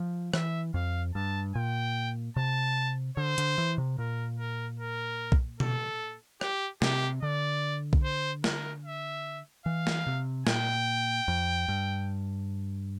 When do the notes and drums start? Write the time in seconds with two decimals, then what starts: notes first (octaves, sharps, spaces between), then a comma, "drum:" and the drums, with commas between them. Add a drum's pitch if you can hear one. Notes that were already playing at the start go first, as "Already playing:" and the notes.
Already playing: F3
0.34 E3 E5, drum: rim click
0.74 F2 F5
1.15 G2 A5
1.55 A#2 G5
2.36 C3 A5
3.17 D3 C5
3.38 D3, drum: hi-hat
3.58 E3
3.78 C3
3.98 A#2 A#4
4.39 A#4
4.80 A#4
5.32 drum: kick B1
5.60 A4, drum: tom B2
6.41 G4, drum: rim click
6.82 C3 G4, drum: snare
7.22 D3 D5
7.93 drum: kick B1
8.04 C5
8.44 A#4, drum: snare
8.85 E5
9.66 E3 F5
9.87 drum: snare
10.07 C3
10.47 A#2 G5, drum: snare
11.28 F2
11.68 G2